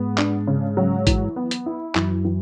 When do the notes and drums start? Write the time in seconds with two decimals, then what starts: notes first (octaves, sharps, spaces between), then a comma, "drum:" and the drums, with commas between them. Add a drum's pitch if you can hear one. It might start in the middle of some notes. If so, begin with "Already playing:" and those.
Already playing: G#2 G#3 B3
0.18 D4, drum: clap
0.47 C#3
0.77 F#3
1.07 E3, drum: kick A1, hi-hat
1.36 B3
1.51 drum: hi-hat
1.66 E4
1.95 F#2 E3 F#3, drum: clap
2.25 E3